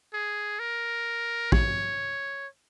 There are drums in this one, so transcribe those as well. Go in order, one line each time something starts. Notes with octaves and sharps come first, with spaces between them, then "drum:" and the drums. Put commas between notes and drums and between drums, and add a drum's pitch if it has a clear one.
G#4
A#4
C#5, drum: kick